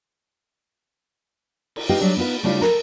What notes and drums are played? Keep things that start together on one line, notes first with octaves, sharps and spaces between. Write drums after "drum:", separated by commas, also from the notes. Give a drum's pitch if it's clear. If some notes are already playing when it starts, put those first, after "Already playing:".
drum: cymbal
D#4 F4 G4 B4 D#5
F#3 G3 D4 E5
B3 D#4 F4 B4
C#3 G3 A3 D4 E4 F4
A4 A#4, drum: snare